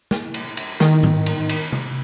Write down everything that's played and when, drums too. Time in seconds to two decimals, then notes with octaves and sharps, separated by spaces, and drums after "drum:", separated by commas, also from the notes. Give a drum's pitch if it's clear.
0.11 drum: snare
0.34 drum: cymbal
0.57 drum: cymbal
0.80 D#3, drum: snare
1.03 drum: tom G#2
1.26 drum: cymbal
1.49 drum: cymbal
1.72 drum: tom C3